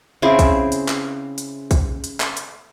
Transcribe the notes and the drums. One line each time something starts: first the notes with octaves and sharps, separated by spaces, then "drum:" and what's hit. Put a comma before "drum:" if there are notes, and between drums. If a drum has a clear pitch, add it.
C#3 C4 E4 G#4
drum: kick, hi-hat
drum: hi-hat
drum: clap
drum: hi-hat
drum: kick, hi-hat
drum: hi-hat
drum: clap
drum: hi-hat